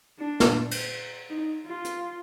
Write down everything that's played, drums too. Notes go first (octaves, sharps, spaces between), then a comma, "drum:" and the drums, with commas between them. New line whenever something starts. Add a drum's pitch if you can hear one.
D4
drum: snare
drum: cymbal
D#4
F4
drum: hi-hat